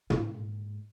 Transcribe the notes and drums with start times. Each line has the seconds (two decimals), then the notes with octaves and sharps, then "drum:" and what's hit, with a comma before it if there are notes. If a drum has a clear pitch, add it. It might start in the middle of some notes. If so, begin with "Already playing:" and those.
0.10 G#2, drum: tom